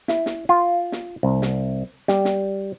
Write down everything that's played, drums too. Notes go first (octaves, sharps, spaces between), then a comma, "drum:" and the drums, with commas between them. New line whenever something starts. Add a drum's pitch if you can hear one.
E4, drum: snare
drum: snare
F4
drum: snare
C2
drum: snare
G3, drum: snare
drum: snare